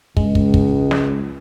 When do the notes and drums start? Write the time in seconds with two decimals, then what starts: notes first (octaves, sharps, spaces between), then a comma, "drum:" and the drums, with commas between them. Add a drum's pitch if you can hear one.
0.17 C#2 G#3, drum: kick
0.35 drum: kick
0.54 drum: kick
0.91 drum: snare